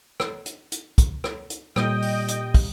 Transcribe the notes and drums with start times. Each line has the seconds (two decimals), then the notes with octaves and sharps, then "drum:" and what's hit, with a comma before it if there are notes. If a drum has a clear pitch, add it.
0.20 drum: rim click
0.46 drum: hi-hat
0.72 drum: hi-hat
0.98 drum: kick, hi-hat
1.24 drum: rim click
1.50 drum: hi-hat
1.76 A#2 G3 D#5 G5, drum: rim click
2.02 drum: open hi-hat
2.28 drum: hi-hat
2.54 drum: kick, open hi-hat